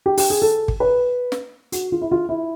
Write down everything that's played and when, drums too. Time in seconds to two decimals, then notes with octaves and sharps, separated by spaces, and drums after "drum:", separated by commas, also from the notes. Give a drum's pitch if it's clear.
0.06 G4
0.17 G4, drum: open hi-hat
0.30 G#4
0.42 A4
0.68 drum: kick G#1
0.80 B4
1.32 drum: snare
1.72 F#4, drum: hi-hat
1.92 F4
2.01 E4
2.11 F4
2.29 E4